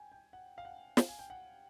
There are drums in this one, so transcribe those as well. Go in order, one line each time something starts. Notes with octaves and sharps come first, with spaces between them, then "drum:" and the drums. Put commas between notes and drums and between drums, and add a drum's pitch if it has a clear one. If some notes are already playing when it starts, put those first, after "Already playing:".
Already playing: G5 G#5
G5
F#5
F5
F#5
F5, drum: snare
G#5
G5
F#5